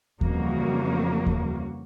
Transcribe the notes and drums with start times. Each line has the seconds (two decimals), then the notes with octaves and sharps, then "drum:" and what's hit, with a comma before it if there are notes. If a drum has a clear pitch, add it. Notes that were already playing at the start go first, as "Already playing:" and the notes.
0.21 F2 C#3 E3 G3 A#3 F#4, drum: kick D#2
1.26 drum: kick D#2